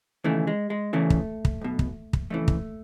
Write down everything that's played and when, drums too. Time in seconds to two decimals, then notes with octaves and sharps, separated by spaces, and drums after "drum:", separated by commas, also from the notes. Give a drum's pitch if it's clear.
0.24 D#2 C#3 E3 A3
0.47 G#3
0.70 G#3
0.93 E2 C#3 E3 A3
1.10 drum: kick
1.45 drum: kick
1.61 B1 B2
1.79 drum: kick
2.13 drum: kick
2.30 F2 C#3 E3 A3
2.48 drum: kick